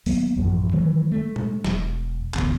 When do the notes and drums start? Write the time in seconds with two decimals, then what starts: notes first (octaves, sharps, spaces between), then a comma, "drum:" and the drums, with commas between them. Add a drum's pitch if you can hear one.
0.06 D#2 F#3 A#3 B3, drum: open hi-hat
0.37 A1 F#2 F3
0.73 D#3 E3 F#3 A3
1.11 G#3 A3
1.36 drum: tom A#2
1.64 E1, drum: snare
2.34 E1 A1 D2 B3, drum: clap